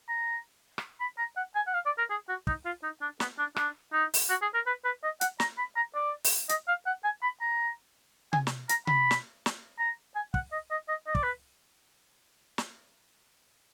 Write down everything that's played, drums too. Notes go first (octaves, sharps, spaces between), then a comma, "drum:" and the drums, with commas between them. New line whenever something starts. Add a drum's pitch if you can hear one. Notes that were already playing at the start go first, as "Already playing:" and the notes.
A#5
drum: rim click
B5
A#5
F#5
G#5
F#5
F5
D5
A#4
G#4
F#4
D#4, drum: kick
F4
D#4
D4
B3, drum: snare
D4
D4, drum: rim click
D#4
drum: open hi-hat
F#4
G#4
A#4
B4
B4
D#5
F#5, drum: hi-hat
A#5, drum: snare
B5
A#5
D5
drum: open hi-hat
D#5, drum: hi-hat
F5
F#5
G#5
B5
A#5
G#5, drum: tom C3
drum: snare
A#5, drum: hi-hat
B5, drum: tom C3
drum: snare
drum: snare
A#5
G#5
F#5, drum: kick
D#5
D#5
D#5
D#5
D5, drum: kick
B4
drum: snare